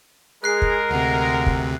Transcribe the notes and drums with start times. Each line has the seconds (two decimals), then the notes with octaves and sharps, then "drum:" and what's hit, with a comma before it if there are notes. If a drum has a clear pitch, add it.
0.44 G#3 G#4 A#4 F#6 C7
0.62 drum: kick
0.90 D2 C3 F#5
1.46 drum: kick